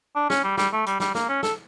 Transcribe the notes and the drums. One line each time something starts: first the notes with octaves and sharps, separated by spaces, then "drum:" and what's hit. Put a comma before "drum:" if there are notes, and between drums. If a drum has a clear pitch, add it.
D4
C#4, drum: snare
G3
G3, drum: snare
A3
G3, drum: hi-hat
G3, drum: snare
A#3, drum: snare
C#4
A4, drum: snare